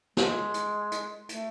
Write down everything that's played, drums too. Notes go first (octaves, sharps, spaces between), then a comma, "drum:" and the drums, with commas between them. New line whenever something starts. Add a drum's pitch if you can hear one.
G#3, drum: snare
drum: hi-hat
drum: hi-hat
A3, drum: hi-hat